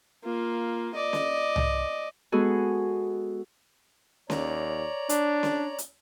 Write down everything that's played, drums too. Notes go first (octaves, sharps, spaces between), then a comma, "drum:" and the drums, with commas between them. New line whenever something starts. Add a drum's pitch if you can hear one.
A#3 F4
D5 D#5
drum: snare C#4
drum: tom C2
G#3 B3 F#4 G#4 A4
D#2 C#5 D5 A#5, drum: snare C#4
D4, drum: hi-hat
drum: snare C#4
drum: hi-hat